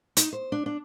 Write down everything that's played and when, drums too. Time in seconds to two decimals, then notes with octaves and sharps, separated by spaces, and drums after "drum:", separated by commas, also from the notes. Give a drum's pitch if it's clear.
0.17 D#4, drum: hi-hat
0.33 C5
0.52 D4
0.66 D4